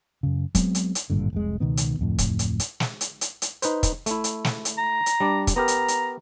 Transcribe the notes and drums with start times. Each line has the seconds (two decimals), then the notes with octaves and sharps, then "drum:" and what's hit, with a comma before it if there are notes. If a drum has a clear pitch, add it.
0.23 F#2 C#3
0.55 F#3 G#3 B3 C4, drum: kick, hi-hat
0.75 drum: hi-hat
0.95 drum: hi-hat
1.10 G#1 G2 A#2 D3
1.33 F1 C2 G#3
1.60 C#2 B2 D#3 B3
1.77 drum: hi-hat
1.99 D1 F2 A2
2.18 drum: kick, hi-hat
2.39 drum: hi-hat
2.60 drum: hi-hat
2.80 drum: snare
3.01 drum: hi-hat
3.21 drum: hi-hat
3.42 drum: hi-hat
3.62 D#4 B4 C5, drum: hi-hat
3.83 drum: kick, hi-hat
4.06 A3 E4, drum: hi-hat
4.24 drum: hi-hat
4.45 drum: snare
4.65 drum: hi-hat
4.78 A#5
5.06 drum: hi-hat
5.20 G3 D4 D5
5.47 drum: kick, hi-hat
5.56 B3 G4 A#4 A#5
5.68 drum: hi-hat
5.88 drum: hi-hat